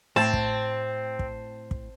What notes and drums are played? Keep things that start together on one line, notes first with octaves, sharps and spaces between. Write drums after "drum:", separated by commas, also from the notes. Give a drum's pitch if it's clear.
A2 C4 A5
drum: kick
drum: kick
drum: kick